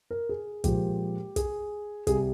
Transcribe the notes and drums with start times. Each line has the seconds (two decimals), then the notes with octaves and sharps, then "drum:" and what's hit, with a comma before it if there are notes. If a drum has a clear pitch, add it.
0.11 A#4
0.29 G#4
0.64 A#2 F3 G#3 G4, drum: kick, hi-hat
1.36 G#4, drum: kick, hi-hat
2.07 C2 C3 G3 G#4, drum: kick, hi-hat